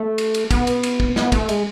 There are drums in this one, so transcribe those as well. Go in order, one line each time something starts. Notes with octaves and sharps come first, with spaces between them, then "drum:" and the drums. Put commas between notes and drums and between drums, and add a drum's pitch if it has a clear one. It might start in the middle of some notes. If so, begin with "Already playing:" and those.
Already playing: A3
drum: cymbal
drum: cymbal
B3, drum: kick, cymbal
drum: cymbal
drum: cymbal
drum: kick
B3, drum: snare
A3, drum: kick, cymbal
G#3, drum: cymbal